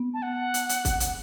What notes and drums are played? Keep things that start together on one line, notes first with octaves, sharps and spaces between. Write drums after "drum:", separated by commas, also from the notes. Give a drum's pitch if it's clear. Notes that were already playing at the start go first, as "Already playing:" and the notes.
Already playing: B3
A5
F#5
drum: hi-hat
drum: hi-hat
drum: kick, hi-hat
drum: hi-hat